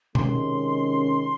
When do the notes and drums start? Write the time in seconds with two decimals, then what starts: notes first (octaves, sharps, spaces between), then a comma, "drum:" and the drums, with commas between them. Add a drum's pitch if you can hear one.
0.15 C3 D#3 G#3 C#4 C6, drum: tom B2